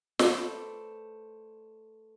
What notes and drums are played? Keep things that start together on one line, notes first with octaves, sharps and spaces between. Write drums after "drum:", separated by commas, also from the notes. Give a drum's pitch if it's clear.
A3 B4 C5 D5, drum: snare